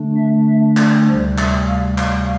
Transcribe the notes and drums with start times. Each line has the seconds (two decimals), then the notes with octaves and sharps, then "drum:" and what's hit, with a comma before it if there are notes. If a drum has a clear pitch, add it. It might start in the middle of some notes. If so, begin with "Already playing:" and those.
Already playing: D3 A3 D4
0.16 E5
0.47 E5
0.77 D5, drum: clap
1.07 D2 C3 G3 C5
1.38 E5, drum: clap
1.68 F5
1.98 F5, drum: clap